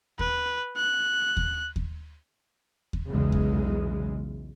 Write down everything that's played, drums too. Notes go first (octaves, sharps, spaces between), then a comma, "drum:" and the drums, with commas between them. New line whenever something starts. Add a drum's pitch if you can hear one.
B4, drum: kick D#2
F#6
drum: kick D#2
drum: kick D#2
drum: kick D#2
B1 E2 C#3 G#3
drum: kick D#2